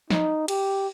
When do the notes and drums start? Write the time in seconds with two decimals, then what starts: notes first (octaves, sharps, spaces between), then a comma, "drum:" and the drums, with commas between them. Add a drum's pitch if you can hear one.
0.10 D#4, drum: snare
0.48 G4, drum: cymbal